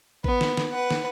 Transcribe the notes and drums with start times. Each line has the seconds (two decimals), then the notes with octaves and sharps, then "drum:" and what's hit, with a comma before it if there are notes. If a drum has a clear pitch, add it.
0.24 B3, drum: kick A1
0.41 drum: snare
0.57 drum: snare
0.72 B4 F#5
0.91 drum: snare